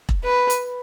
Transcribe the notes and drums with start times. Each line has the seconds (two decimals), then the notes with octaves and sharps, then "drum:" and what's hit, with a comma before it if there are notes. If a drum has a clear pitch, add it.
0.09 drum: kick E1
0.25 B4
0.50 drum: hi-hat